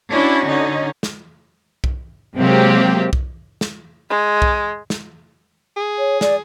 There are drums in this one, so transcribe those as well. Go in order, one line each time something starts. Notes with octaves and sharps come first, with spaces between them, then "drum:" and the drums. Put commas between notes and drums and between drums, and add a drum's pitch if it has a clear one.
C#4 D4 E4 F#4
D3 C#4 D#4
drum: snare
drum: kick B1
C3 F#3 G#3 A#3 C4 G4
drum: kick B1
drum: snare
G#3
drum: kick B1
drum: snare
G#4
C#5
D5, drum: snare